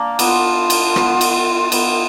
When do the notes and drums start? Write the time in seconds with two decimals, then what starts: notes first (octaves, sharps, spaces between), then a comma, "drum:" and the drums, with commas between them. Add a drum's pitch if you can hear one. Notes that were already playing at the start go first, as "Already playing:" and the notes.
Already playing: A#3 D4
0.19 B3 F4, drum: cymbal
0.70 drum: cymbal
0.96 B3, drum: rim click
1.21 drum: cymbal
1.72 B3 F4, drum: cymbal